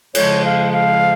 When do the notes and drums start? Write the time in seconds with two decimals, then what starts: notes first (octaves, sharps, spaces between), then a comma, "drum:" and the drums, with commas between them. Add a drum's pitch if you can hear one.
0.15 F2 C#3 F3 G#3 C#5, drum: cymbal
0.44 F5
0.73 F5